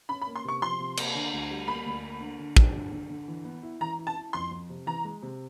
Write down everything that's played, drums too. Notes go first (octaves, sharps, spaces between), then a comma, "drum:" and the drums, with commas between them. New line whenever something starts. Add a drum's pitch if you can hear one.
C#4 B5
B5
A#3
C6
C3 C#6
F3 C6
C3
A#3, drum: cymbal
D3
D2
G3
A#3 B5
D2
A#3
D3
D3
D3, drum: kick
D3
D3
D3
E3
B3
E4
E3 A#5
E4
A5
E4
F2 C6
F2
C3
E3 A#5
G#3
C3